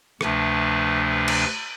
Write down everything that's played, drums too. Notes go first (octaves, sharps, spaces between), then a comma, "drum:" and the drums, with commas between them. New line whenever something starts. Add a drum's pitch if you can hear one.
D2 C3 F3 A3 D4 B4, drum: rim click
B4
drum: cymbal